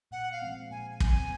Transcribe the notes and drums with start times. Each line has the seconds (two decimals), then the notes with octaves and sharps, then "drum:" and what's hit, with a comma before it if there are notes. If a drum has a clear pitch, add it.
0.11 A#2 F#5
0.32 F5
0.42 F3 G#3 C4
0.71 A#2 G#5
0.90 G#5
1.00 F3 G#3 C4, drum: kick
1.10 G#5